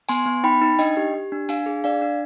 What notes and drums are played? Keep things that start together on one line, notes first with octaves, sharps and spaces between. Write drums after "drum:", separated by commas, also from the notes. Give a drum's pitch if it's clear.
B3 G#5 C6, drum: tambourine
B3
D#4 G5 B5
D#4
D4 D#5 G5, drum: tambourine
G4
G4
D4
D4 F5 G#5, drum: tambourine
G#4
D4 D5 F5
D4